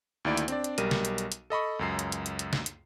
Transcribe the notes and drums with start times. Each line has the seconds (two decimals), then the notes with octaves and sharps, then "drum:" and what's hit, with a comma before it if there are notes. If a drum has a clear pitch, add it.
0.25 D2 D#3 A#3 E4 D5 D7
0.37 drum: hi-hat
0.48 C4 D4 D5, drum: hi-hat
0.64 drum: hi-hat
0.78 B1 G3 A#4 D#7, drum: hi-hat
0.91 drum: snare
1.05 drum: hi-hat
1.18 drum: hi-hat
1.32 drum: hi-hat
1.50 A4 D#5 B5 C#6
1.79 C#2 F#2 C7
1.99 drum: hi-hat
2.12 drum: hi-hat
2.26 drum: hi-hat
2.39 drum: hi-hat
2.53 drum: snare
2.66 drum: hi-hat